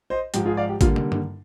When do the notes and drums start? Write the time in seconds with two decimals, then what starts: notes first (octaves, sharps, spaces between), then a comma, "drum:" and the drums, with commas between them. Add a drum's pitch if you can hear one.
0.10 C5 D#5
0.34 G#2 F3 G#3 G4, drum: hi-hat
0.45 F4 G#4
0.57 D5 F5
0.69 G4
0.81 D3 G3 A#3 F4, drum: kick G#1, hi-hat
0.96 drum: tom
1.12 drum: tom G2